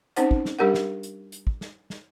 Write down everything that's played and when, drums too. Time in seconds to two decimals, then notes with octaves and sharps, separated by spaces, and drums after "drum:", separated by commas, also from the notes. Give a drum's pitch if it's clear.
0.16 C4 C#4 D#4 C5 F#5, drum: hi-hat
0.31 drum: kick
0.45 drum: snare
0.59 G3 D4 G4 A#4 F#5
0.74 drum: snare
1.03 drum: hi-hat
1.32 drum: hi-hat
1.47 drum: kick
1.61 drum: snare
1.90 drum: snare